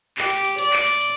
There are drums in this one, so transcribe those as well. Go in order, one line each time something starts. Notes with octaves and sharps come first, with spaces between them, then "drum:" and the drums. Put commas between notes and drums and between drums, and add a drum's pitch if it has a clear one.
G4, drum: clap
drum: hi-hat
drum: hi-hat
D5, drum: hi-hat
drum: clap
drum: hi-hat
drum: hi-hat